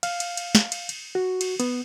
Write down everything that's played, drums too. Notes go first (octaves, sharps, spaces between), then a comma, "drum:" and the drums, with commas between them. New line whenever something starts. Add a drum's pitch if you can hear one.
F5, drum: cymbal
drum: cymbal
drum: cymbal
drum: snare
drum: cymbal
drum: cymbal
F#4
drum: cymbal
B3, drum: cymbal